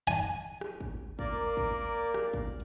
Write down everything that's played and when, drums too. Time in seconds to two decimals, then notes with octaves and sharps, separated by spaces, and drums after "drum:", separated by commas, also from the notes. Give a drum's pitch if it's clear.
0.07 G#5
0.61 drum: rim click
0.80 drum: kick
1.19 A#3 A#4 D5, drum: kick
1.57 drum: kick
2.14 drum: rim click
2.34 drum: kick